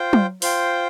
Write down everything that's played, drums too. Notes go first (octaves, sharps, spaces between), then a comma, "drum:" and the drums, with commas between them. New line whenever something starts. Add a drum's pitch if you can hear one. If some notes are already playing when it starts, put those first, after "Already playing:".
Already playing: F4 C5 G5
drum: tom F#3
F4 C5 G5, drum: open hi-hat